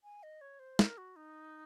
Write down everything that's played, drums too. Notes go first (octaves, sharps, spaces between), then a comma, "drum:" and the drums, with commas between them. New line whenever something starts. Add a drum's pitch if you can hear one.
G#5
D#5
C#5
C5
A#4, drum: snare
F#4
D#4